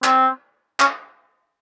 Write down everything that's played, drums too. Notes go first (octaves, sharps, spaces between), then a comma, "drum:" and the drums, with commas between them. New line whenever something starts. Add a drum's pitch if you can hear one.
C4, drum: clap
C#4, drum: clap